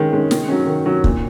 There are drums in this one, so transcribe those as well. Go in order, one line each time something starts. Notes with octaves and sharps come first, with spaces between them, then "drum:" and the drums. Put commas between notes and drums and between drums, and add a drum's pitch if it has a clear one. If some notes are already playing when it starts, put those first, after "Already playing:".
Already playing: D#3 G#3 C#4
G#3 C#4
D#3, drum: snare
F#3 C#4
D#3
F#3 C#4
A#2, drum: kick